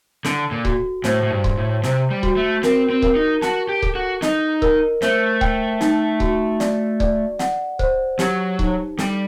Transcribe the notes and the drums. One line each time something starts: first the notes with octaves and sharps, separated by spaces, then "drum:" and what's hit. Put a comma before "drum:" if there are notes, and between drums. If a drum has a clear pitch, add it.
D3 A4, drum: snare
A#2
F#4, drum: kick C#1
A2 C5, drum: snare
A2
G2
C6, drum: kick C#1
A2
C3 C5, drum: snare
G3
F#4, drum: kick C#1
A3
C4 A#4, drum: snare
C4
A#4, drum: kick C#1
D#4
F#4 A5, drum: snare
G4
A4, drum: kick C#1
F#4
D#4 D#5, drum: snare
A#4, drum: kick C#1
A3 C5, drum: snare
G5, drum: kick C#1
D#4, drum: snare
F#4, drum: kick C#1
D5, drum: snare
D5, drum: kick C#1
F#5, drum: snare
C5, drum: kick C#1
F#3 G4, drum: snare
D#4, drum: kick C#1
G3 A4, drum: snare